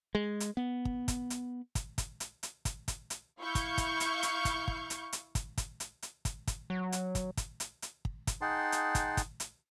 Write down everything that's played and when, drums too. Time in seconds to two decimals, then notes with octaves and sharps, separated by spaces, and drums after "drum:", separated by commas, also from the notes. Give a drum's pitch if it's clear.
0.15 G#3
0.40 drum: hi-hat
0.57 B3
0.85 drum: kick
1.08 drum: kick, hi-hat
1.30 drum: hi-hat
1.75 drum: kick, hi-hat
1.98 drum: kick, hi-hat
2.20 drum: hi-hat
2.43 drum: hi-hat
2.65 drum: kick, hi-hat
2.88 drum: kick, hi-hat
3.10 drum: hi-hat
3.40 E4 F5 C#6 G6
3.55 drum: kick, hi-hat
3.78 drum: kick, hi-hat
4.00 drum: hi-hat
4.23 drum: hi-hat
4.45 drum: kick, hi-hat
4.68 drum: kick
4.90 drum: hi-hat
5.13 drum: hi-hat
5.35 drum: kick, hi-hat
5.58 drum: kick, hi-hat
5.80 drum: hi-hat
6.02 drum: hi-hat
6.25 drum: kick, hi-hat
6.47 drum: kick, hi-hat
6.70 F#3
6.92 drum: hi-hat
7.15 drum: kick, hi-hat
7.37 drum: kick, hi-hat
7.60 drum: hi-hat
7.82 drum: hi-hat
8.05 drum: kick
8.27 drum: kick, hi-hat
8.41 D#4 G#4 F#5 G5 A5 C6
8.72 drum: hi-hat
8.95 drum: kick, hi-hat
9.17 drum: kick, hi-hat
9.40 drum: hi-hat